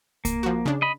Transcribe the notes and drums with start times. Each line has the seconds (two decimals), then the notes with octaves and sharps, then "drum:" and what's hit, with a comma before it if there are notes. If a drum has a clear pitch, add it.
0.25 A#3, drum: kick C2, hi-hat
0.43 F3 F#4
0.66 C#3 D4
0.82 D#5 B5